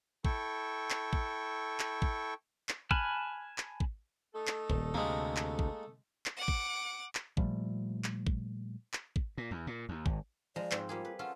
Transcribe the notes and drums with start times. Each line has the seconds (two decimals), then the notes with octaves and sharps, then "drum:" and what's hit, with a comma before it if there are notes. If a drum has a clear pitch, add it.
0.25 E4 A4 G5 C#6, drum: kick
0.90 drum: clap
1.13 drum: kick
1.80 drum: clap
2.02 drum: kick
2.69 drum: clap
2.91 G#5 A5 B5 F6 F#6, drum: kick
3.58 drum: clap
3.80 drum: kick
4.34 A3 D#4 A4
4.47 drum: clap
4.70 D#1, drum: kick
4.94 D2 C3 G#3 A#3
5.37 drum: clap
5.59 drum: kick
6.26 drum: clap
6.37 F#5 D6
6.48 drum: kick
7.15 drum: clap
7.37 A#2 F3 G3 A3, drum: kick
8.04 drum: clap
8.27 drum: kick
8.93 drum: clap
9.16 drum: kick
9.38 A#2
9.51 E2
9.67 A#2
9.89 D#2
10.06 G#1, drum: kick
10.56 F3 G#3 D5 A#5
10.71 G#2 C4, drum: clap
10.89 G3 A#3 F4 G#4
11.05 B4
11.19 C#4 F4 A4 F#5